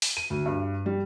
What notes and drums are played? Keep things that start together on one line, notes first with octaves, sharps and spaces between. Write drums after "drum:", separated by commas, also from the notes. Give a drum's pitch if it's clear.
drum: open hi-hat
D#7
D2
G2
G3